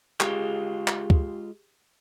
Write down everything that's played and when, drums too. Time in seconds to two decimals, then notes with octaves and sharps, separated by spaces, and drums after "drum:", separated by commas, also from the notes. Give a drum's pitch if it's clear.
0.20 G#3 F4 G4 G#4, drum: clap
0.88 drum: clap
1.10 drum: kick